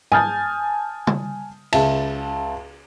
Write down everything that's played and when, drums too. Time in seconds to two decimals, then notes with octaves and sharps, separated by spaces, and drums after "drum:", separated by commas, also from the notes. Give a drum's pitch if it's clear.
0.12 G#5 A5 D#6 F6 G6 A6, drum: tom G#2
1.07 drum: tom
1.73 C#2 E5 A5, drum: cymbal